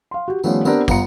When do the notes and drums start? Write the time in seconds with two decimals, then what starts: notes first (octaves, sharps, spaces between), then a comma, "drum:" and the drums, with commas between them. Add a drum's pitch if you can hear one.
0.11 F5 C6
0.28 F#4 G4
0.44 D#3 F3 G3 A3 B3 C#4, drum: tambourine
0.65 B3 C4 D4 G4 A#4, drum: tambourine
0.88 G1 B3 F4 A#5 C#7, drum: kick, tambourine